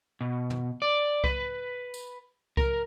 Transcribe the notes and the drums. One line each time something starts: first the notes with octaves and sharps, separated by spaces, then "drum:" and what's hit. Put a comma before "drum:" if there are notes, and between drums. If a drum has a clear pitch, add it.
B2
drum: tom
D5
B4, drum: kick C2
drum: tambourine
A#4, drum: kick C2